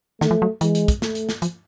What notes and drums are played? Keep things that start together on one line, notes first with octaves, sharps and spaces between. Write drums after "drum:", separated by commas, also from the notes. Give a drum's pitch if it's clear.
D#3 A3, drum: snare
F3
F#3
E3 G#3, drum: hi-hat
drum: hi-hat
drum: kick, hi-hat
A3, drum: snare
drum: hi-hat
drum: snare
F3, drum: hi-hat